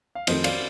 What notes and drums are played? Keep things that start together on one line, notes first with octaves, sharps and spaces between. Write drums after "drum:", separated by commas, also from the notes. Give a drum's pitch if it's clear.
F5
F2 D#3 A3 C4 C5 D#5, drum: cymbal
D5 F5, drum: cymbal